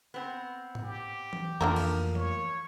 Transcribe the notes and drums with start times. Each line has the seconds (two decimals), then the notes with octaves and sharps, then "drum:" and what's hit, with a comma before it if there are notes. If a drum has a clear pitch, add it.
0.14 B3 C4
0.75 drum: tom G#2
0.84 G4
1.33 drum: tom E3
1.61 F2 E3 F3 A3 A#3 D4 A4 A#4
1.76 drum: cymbal
2.15 C#5, drum: tom E3